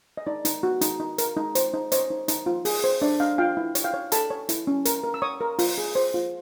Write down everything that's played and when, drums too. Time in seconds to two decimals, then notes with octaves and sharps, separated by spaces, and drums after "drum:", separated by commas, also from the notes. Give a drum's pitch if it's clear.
0.17 D#5
0.27 D#4 D5
0.45 D#4, drum: hi-hat
0.63 F#4
0.81 D#4, drum: hi-hat
1.00 D#4
1.18 A#4, drum: hi-hat
1.37 D#4
1.55 C5, drum: hi-hat
1.74 D#4
1.92 C5 C#5 D#5, drum: hi-hat
2.10 D#4
2.28 D#4, drum: hi-hat
2.46 F4
2.65 G#4, drum: open hi-hat
2.84 C5
3.02 D4 D5 E5
3.20 D4 D#5 F5
3.38 F4 F5 G5
3.57 E4
3.75 C#5, drum: hi-hat
3.84 F5 G5
3.94 C#5
4.12 A4 A5 B5, drum: hi-hat
4.30 C#5
4.49 E4, drum: hi-hat
4.67 C#4
4.85 A#4, drum: hi-hat
5.04 A#4
5.14 E6
5.22 C#5 C#6 D#6
5.41 A#4
5.59 F4, drum: open hi-hat
5.78 G#4
5.95 C5
6.14 F4